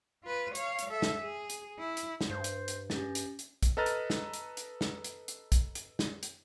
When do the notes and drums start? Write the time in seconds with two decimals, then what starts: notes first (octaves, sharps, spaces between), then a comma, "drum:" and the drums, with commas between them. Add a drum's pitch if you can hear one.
0.24 F4 B4
0.55 C#5 F5, drum: hi-hat
0.79 drum: hi-hat
0.90 A4 E5
1.02 drum: snare
1.22 G#4
1.50 drum: hi-hat
1.79 E4
1.97 drum: hi-hat
2.21 drum: snare
2.30 G2 C5
2.44 drum: hi-hat
2.68 drum: hi-hat
2.90 C#4 G4 A6, drum: snare
3.15 drum: hi-hat
3.39 drum: hi-hat
3.63 drum: kick, hi-hat
3.77 A4 B4 D#5 A#5 F6 A6
3.86 drum: hi-hat
4.10 drum: snare
4.33 drum: hi-hat
4.57 drum: hi-hat
4.81 drum: snare
5.04 drum: hi-hat
5.28 drum: hi-hat
5.52 drum: kick, hi-hat
5.75 drum: hi-hat
5.99 drum: snare
6.23 drum: hi-hat